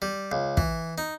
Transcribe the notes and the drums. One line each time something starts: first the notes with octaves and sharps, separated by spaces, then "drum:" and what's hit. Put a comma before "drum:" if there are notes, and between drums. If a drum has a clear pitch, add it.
G3
C#2
E3, drum: kick
D#4